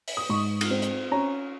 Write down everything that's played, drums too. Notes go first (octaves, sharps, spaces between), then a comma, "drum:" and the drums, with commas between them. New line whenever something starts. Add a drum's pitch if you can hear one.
drum: open hi-hat
D#6
G#2 C#6
drum: cymbal
C4
drum: hi-hat
C#4 A#5